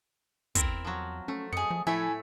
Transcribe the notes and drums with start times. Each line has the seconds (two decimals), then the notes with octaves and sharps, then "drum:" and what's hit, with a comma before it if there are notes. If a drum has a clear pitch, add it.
0.55 E2 C4 E4 A#4, drum: kick, hi-hat
0.85 F3 F#3
1.28 A3 C#4
1.53 F#2 G#4 D#5 C#7
1.70 F3
1.87 A2 F3 A3 E4 E5 G#5